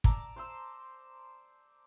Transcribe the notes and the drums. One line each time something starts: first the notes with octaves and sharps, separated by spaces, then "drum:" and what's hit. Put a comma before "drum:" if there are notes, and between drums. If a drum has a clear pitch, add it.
D5 A5 A#5 E6, drum: kick
C5 C6 E6